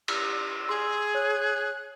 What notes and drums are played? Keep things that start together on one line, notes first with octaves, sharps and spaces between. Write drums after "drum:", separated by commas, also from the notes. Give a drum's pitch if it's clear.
E6, drum: cymbal
G#4 C6
C#5 F#6